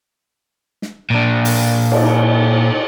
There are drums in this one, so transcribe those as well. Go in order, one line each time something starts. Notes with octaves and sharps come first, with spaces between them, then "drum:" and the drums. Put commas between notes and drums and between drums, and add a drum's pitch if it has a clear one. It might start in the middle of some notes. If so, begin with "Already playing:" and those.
drum: snare
A#2 D4
drum: open hi-hat
drum: cymbal